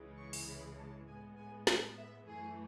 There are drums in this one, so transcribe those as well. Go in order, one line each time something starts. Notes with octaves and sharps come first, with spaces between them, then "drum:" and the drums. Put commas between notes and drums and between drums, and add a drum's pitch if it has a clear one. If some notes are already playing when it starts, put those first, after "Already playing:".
Already playing: C#2 C#3 E3 G#3
C#6
drum: open hi-hat
B5
A5
A2 G#3 B3 G#5
G#5
A5, drum: snare
E5
F#2 E3 A3 G#4